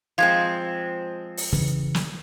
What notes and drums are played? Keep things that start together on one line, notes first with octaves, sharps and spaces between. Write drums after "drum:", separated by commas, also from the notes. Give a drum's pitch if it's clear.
F3 G#3 C4 F5 G#6
drum: open hi-hat
C#3 E3, drum: kick
drum: snare